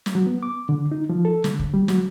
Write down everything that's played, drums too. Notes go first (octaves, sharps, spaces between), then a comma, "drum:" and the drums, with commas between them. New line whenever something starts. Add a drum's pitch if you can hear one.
drum: snare
F#3
B3
D6
D3
D#4
F3
A4
D3, drum: snare
drum: kick
G3
F#3, drum: snare